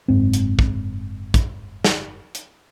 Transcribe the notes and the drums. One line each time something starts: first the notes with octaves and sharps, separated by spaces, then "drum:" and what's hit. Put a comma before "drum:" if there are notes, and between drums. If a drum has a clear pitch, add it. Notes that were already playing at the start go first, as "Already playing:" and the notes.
F#1 G#2 C4
drum: hi-hat
drum: kick
drum: kick, hi-hat
drum: snare
drum: hi-hat